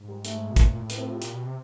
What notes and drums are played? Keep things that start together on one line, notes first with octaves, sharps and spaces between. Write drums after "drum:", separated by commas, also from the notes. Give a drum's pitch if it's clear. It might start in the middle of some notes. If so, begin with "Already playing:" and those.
Already playing: G#2
G3
A3, drum: hi-hat
B2
A#2, drum: kick, hi-hat
A#2
A2
B3, drum: hi-hat
C4
F4
G4
A#2, drum: hi-hat
B2
C3